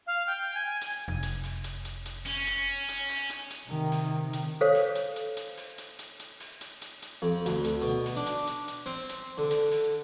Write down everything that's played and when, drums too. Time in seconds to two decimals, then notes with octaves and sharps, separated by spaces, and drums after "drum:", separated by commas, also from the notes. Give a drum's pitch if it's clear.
0.07 F5
0.27 G5
0.54 G#5
0.81 drum: hi-hat
1.08 F1
1.23 drum: hi-hat
1.43 drum: open hi-hat
1.64 drum: hi-hat
1.85 drum: hi-hat
2.05 drum: hi-hat
2.26 C#4, drum: open hi-hat
2.47 drum: hi-hat
2.88 drum: hi-hat
3.09 drum: open hi-hat
3.30 drum: hi-hat
3.50 drum: hi-hat
3.67 C3 D#3
3.92 drum: open hi-hat
4.33 drum: hi-hat
4.61 A4 C5 C#5 F5
4.75 drum: open hi-hat
4.95 drum: hi-hat
5.16 drum: hi-hat
5.37 drum: hi-hat
5.57 drum: open hi-hat
5.78 drum: hi-hat
5.99 drum: hi-hat
6.19 drum: hi-hat
6.40 drum: open hi-hat
6.61 drum: hi-hat
6.82 drum: hi-hat
7.02 drum: hi-hat
7.22 F2
7.46 D2, drum: hi-hat
7.64 drum: hi-hat
7.82 B2
8.06 drum: open hi-hat
8.16 D4
8.26 drum: hi-hat
8.47 drum: hi-hat
8.68 drum: hi-hat
8.86 C4, drum: open hi-hat
9.09 drum: hi-hat
9.38 D3
9.51 drum: hi-hat
9.71 drum: open hi-hat